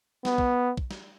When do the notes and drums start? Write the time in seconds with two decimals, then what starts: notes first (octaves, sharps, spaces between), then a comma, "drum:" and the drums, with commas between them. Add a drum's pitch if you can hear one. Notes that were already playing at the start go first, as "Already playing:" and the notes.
0.25 B3, drum: snare
0.38 drum: kick
0.77 drum: kick
0.91 drum: snare